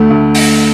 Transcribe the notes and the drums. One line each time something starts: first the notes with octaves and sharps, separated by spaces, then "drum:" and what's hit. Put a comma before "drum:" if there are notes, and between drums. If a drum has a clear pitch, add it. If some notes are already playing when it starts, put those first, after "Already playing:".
Already playing: D2 A3
D2
drum: open hi-hat